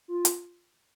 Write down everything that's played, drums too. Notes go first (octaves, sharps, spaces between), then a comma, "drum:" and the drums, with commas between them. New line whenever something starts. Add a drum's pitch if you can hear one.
F4
drum: hi-hat